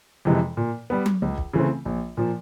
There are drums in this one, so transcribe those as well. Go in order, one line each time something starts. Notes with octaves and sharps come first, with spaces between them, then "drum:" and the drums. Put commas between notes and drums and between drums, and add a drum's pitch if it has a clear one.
F2 C3 E3 G#3
A#2
G3 B3
drum: tom F#3
C#2
drum: kick
C#3 E3 A3 C4
A#1
A#2 F3